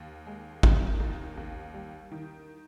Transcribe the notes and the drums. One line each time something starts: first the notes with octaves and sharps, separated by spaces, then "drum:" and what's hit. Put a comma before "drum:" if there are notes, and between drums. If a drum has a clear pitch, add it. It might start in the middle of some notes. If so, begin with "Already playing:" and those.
Already playing: D#2
G#3
D#3, drum: kick
D#2
D#2
G3
D#3